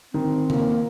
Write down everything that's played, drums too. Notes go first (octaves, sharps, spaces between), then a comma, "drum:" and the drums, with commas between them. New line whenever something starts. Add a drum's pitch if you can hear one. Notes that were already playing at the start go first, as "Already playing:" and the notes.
D#3 C4
A#3, drum: tom C#3